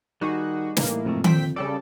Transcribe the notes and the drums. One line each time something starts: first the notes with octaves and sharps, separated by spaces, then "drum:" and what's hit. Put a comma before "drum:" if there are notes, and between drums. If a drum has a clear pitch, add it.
D#3 G3 D#4 F#4 G#4
A2 E3 A#3, drum: snare
F2 G#2 C3 A3
A#2 C4 B4 C5 G5 B6, drum: tom D#3
C#3 G3 A4 D5